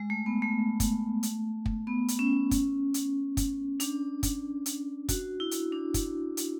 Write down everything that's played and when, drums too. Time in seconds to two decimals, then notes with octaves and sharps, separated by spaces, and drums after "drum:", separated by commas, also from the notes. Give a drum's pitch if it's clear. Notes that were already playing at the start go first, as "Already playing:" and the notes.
Already playing: G#3
0.10 A3
0.26 B3
0.42 A3
0.80 drum: kick, hi-hat
1.23 drum: hi-hat
1.66 drum: kick
1.87 B3
2.08 drum: hi-hat
2.19 C#4
2.51 drum: kick, hi-hat
2.94 drum: hi-hat
3.37 drum: kick, hi-hat
3.80 D4, drum: hi-hat
4.23 drum: kick, hi-hat
4.66 drum: hi-hat
5.09 F#4, drum: kick, hi-hat
5.40 E4
5.51 drum: hi-hat
5.72 D4
5.94 drum: kick, hi-hat
6.37 drum: hi-hat